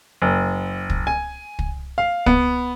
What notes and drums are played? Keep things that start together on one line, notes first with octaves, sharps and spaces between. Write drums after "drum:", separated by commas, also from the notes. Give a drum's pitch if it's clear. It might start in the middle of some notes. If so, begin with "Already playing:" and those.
F#1
drum: kick
G#5
drum: kick
F5
B3, drum: kick